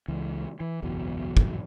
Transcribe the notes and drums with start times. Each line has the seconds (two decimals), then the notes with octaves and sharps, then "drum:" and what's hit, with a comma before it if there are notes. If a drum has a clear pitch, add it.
0.08 C#2 E3
0.60 E3
0.82 F#1 B1 E2 B2
1.37 drum: kick